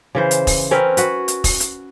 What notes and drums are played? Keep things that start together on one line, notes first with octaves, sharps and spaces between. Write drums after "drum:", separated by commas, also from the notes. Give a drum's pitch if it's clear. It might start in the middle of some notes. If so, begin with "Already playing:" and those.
C#3 E3 C5
drum: hi-hat
drum: kick, open hi-hat
C4 C#4 A#4 B4
F#4 B4, drum: hi-hat
drum: hi-hat
drum: kick, open hi-hat
drum: hi-hat